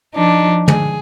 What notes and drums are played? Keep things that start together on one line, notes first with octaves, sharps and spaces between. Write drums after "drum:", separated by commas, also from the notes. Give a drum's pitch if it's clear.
F3 D4 D#4
G#4, drum: tom